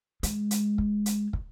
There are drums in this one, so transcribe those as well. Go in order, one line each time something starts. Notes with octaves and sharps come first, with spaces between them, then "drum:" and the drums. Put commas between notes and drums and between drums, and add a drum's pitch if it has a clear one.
G#3, drum: hi-hat
drum: hi-hat
drum: kick
drum: hi-hat
drum: kick